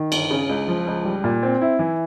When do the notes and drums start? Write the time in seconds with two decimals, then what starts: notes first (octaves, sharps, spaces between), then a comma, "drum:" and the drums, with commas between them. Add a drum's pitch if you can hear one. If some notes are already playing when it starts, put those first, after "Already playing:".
Already playing: D#3
0.12 G1, drum: cymbal
0.31 C#3
0.49 C#2
0.68 F3
0.87 C#2
1.04 G3
1.24 A#2
1.43 C4
1.61 E4
1.79 E3